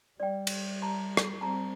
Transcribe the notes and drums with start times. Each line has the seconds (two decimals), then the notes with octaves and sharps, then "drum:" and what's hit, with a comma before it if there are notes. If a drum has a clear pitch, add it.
0.20 G3 D5 G5
0.47 drum: cymbal
0.82 A5 A#5
1.17 drum: rim click
1.41 G3 C4 A5 A#5